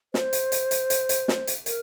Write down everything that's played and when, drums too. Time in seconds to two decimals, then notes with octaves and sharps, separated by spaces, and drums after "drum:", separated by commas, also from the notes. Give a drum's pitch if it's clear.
0.14 C5, drum: snare
0.33 drum: hi-hat
0.52 drum: hi-hat
0.71 drum: hi-hat
0.90 drum: hi-hat
1.09 drum: hi-hat
1.28 drum: snare
1.47 drum: hi-hat
1.66 A#4, drum: hi-hat